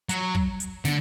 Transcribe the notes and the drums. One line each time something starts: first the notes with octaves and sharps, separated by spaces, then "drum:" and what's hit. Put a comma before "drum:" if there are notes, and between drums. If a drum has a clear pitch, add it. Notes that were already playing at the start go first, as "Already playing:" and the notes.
F#3, drum: hi-hat
drum: kick
drum: hi-hat
D3, drum: snare